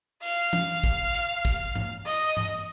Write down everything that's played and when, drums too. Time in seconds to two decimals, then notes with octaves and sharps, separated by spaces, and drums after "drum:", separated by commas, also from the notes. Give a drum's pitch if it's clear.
0.23 F5, drum: open hi-hat
0.53 drum: tom E3
0.84 drum: kick, hi-hat
1.14 drum: hi-hat
1.45 drum: kick, hi-hat
1.75 drum: tom G#2
2.06 D#5, drum: open hi-hat
2.37 drum: tom G#2